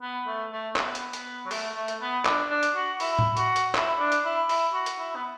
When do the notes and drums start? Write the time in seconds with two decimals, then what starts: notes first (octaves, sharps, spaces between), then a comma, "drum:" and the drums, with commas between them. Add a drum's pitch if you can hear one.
0.02 B3
0.27 A3
0.52 A3
0.76 B3, drum: clap
0.95 drum: hi-hat
1.13 B3, drum: hi-hat
1.46 F#3
1.51 A3, drum: open hi-hat
1.75 A3
1.88 drum: hi-hat
2.01 B3
2.25 D4, drum: clap
2.50 D4
2.63 drum: hi-hat
2.75 F#4
3.00 E4, drum: open hi-hat
3.19 drum: tom A2
3.37 F#4, drum: hi-hat
3.56 drum: hi-hat
3.75 E4, drum: clap
3.99 D4
4.12 drum: hi-hat
4.24 E4
4.49 E4, drum: open hi-hat
4.74 F#4
4.86 drum: hi-hat
4.99 E4
5.15 B3